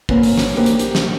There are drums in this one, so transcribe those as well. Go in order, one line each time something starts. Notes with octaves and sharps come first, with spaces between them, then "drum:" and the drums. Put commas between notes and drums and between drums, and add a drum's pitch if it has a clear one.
A#3 C4 C#4 F#4 A#4 B4, drum: kick
drum: open hi-hat
drum: snare
D3 A#3 F#4 G4 A#4 C5
drum: hi-hat
G4, drum: hi-hat
drum: snare